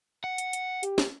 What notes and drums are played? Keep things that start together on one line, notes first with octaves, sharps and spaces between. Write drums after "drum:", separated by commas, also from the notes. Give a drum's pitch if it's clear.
F#5
drum: hi-hat
drum: hi-hat
G4, drum: hi-hat
drum: snare